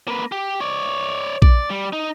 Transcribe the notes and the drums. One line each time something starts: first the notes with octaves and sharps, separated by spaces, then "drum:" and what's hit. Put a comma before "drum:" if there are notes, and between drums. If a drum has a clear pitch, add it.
A#3 B4
G4
C#5 D5
D5, drum: kick A#1
G3
D#4